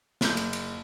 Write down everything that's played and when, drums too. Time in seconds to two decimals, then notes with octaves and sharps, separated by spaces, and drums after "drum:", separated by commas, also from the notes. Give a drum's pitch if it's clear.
0.21 F#1 G6, drum: snare
0.37 drum: cymbal
0.53 drum: cymbal